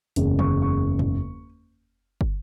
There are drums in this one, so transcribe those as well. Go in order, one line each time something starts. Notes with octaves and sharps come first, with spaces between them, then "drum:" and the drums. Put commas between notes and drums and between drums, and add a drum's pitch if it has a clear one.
F#1 E2 C#3 G#3, drum: hi-hat
C#6, drum: tom
C#6
drum: tom
drum: kick